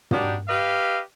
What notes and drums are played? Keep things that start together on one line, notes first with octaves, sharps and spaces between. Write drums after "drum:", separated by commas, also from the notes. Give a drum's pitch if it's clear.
G3 D4 D#4 F#4 G4, drum: tom
G4 B4 D#5 F5